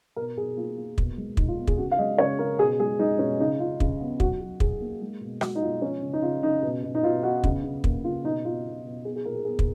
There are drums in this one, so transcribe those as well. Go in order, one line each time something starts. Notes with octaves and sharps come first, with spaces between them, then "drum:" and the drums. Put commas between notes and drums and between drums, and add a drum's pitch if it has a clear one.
B2 A#4
B2 G#4
A#3 F4
A#3
B2, drum: kick
G#3
B2 D#4, drum: kick
F4
B3
G#4, drum: kick
C#3 F#4
F5
G#3 D#5
C#3 C#5
C#3 A#4
B2 G#4
G#3 G#4
G#3 D#4
B2 C#4
C#3 D#4
C#3 F4
C#3, drum: kick
B3
F#3 F#4, drum: kick
F#3
F#3 G#4, drum: kick
A#3
G#3
B2
G#3 F#4, drum: rim click
D#4
B2 F4
F3 C#4
C#3
D#4
C#3 F4
C#3 D#4
B2
B2
D#4
B2 F4
B3 F#4
C#3, drum: kick
C#3
A#3, drum: kick
C#3 F4
B2 D#4
B2 F4
B2
B2
B3 G#4
G#4
A#2 A#4
G#4
B3 G#4
drum: kick